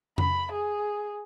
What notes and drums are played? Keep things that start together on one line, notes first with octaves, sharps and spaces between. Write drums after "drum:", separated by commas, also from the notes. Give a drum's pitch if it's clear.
B5, drum: tom F2
G#4